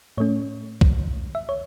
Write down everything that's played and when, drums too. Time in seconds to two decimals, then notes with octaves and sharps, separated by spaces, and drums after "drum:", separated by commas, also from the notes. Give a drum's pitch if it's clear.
0.18 A2 A3 C#4 C#5
0.81 drum: kick
1.35 E5
1.49 C#5